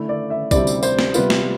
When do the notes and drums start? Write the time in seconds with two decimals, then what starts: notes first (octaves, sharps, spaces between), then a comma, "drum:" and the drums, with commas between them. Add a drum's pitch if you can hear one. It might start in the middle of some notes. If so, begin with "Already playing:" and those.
Already playing: D3 A3 E4
0.09 D5
0.30 E5
0.51 D2 C3 G3 C4 E4 D5, drum: kick B1, tambourine
0.67 drum: tambourine
0.83 C5, drum: tambourine
0.99 drum: snare
1.14 C3 G3 B3 F4 B4, drum: tambourine
1.30 drum: snare